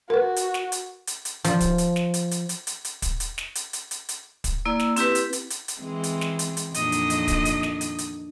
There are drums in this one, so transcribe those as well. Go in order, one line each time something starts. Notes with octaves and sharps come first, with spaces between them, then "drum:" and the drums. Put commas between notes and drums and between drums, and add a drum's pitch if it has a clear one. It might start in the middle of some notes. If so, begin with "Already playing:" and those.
F#4 A#4 B4
drum: hi-hat
drum: snare
drum: hi-hat
drum: hi-hat
drum: hi-hat
F3, drum: hi-hat
drum: kick, hi-hat
drum: hi-hat
drum: snare
drum: hi-hat
drum: hi-hat
drum: hi-hat
drum: hi-hat
drum: hi-hat
drum: kick, hi-hat
drum: hi-hat
drum: snare
drum: hi-hat
drum: hi-hat
drum: hi-hat
drum: hi-hat
drum: kick, hi-hat
A#3 E4 D5 E6
drum: snare
C4 E4 G4 B4, drum: hi-hat
drum: hi-hat
drum: hi-hat
drum: hi-hat
drum: hi-hat
E3 G#3 C4
drum: hi-hat
drum: snare
drum: hi-hat
drum: hi-hat
F2 A#2 D#3 D4 D#5, drum: hi-hat
drum: hi-hat
drum: hi-hat
drum: kick, hi-hat
drum: hi-hat
drum: snare
drum: hi-hat
drum: hi-hat